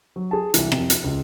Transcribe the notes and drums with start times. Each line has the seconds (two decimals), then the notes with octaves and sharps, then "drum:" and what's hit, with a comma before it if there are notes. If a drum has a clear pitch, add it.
0.16 F#3
0.31 G#4 A5
0.54 C2 E3, drum: hi-hat
0.72 F2 C3, drum: rim click
0.90 drum: hi-hat
1.04 C#2